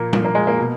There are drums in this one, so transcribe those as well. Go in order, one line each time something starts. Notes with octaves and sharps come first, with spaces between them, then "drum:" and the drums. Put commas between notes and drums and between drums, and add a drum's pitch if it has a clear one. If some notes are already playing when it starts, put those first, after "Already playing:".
Already playing: A#2 F3 A#3
A#2 F3, drum: tom G3
A#3
G#3
A#3
B2